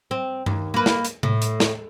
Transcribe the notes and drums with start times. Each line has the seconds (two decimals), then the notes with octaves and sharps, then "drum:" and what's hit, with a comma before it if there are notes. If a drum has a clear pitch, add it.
0.11 C4
0.46 D#2, drum: tom G2
0.74 A#3 B4
0.86 drum: snare
1.05 drum: hi-hat
1.23 A2, drum: tom C3
1.42 drum: hi-hat
1.60 drum: snare